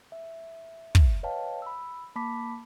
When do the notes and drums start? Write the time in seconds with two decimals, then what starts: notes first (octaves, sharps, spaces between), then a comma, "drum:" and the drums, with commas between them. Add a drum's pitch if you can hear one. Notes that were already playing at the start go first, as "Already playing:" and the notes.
0.12 E5
0.95 drum: kick
1.23 B4 C#5 D#5 F5 G5 A5
1.62 B5 E6
2.16 A#3 A5 B5 D6 B6